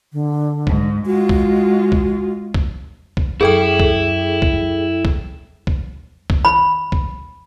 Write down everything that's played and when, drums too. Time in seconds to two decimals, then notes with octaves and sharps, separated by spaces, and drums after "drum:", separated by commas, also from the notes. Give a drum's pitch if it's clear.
0.13 D3
0.67 G#2, drum: kick
1.06 G#3 F4 F#4
1.29 drum: kick
1.92 drum: kick
2.54 drum: kick
3.17 drum: kick
3.41 F#2 E4 G#4 A4 G5
3.80 drum: kick
4.42 drum: kick
5.05 drum: kick
5.67 drum: kick
6.30 drum: kick
6.45 B5
6.92 drum: kick